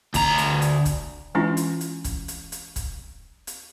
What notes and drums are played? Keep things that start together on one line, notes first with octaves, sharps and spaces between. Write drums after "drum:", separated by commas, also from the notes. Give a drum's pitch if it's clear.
D2 A#5, drum: kick, hi-hat
drum: hi-hat
drum: hi-hat
drum: kick, hi-hat
E3 G#3 C#4 D4 E4 F4
drum: hi-hat
drum: hi-hat
drum: kick, hi-hat
drum: hi-hat
drum: hi-hat
drum: kick, hi-hat
drum: hi-hat